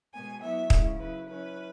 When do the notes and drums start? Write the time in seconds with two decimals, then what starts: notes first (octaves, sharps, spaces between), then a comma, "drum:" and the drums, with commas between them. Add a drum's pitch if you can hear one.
0.13 B2 G#3 B3 G#5
0.41 F#3 B3 E4 E5
0.70 C#3 G#3 E4, drum: kick
0.99 F#3 E4 B4
1.28 F#3 C#4 E4 B4